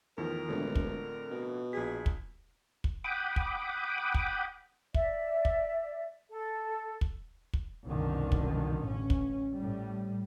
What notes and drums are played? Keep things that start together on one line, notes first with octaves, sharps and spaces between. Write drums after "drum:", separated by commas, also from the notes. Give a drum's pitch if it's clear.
E2 A2 D#3 F3 A#4
E1 F2 A2 D3
drum: kick
B2
A#1 G#4 B6
drum: kick
drum: kick
F#5 G5 B5 D6 D#6
drum: kick
drum: kick
D5 E5, drum: kick
drum: kick
A4
drum: kick
drum: kick
C2 F#2 B2 D3 D#3
drum: kick
A1 C#4
drum: kick
A2 G3